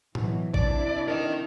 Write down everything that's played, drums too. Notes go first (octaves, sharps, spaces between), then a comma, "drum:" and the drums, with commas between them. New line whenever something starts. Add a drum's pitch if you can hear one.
B2 E3 F#3, drum: tom A2
C3 D4 E4 D5, drum: kick
A#4 D#5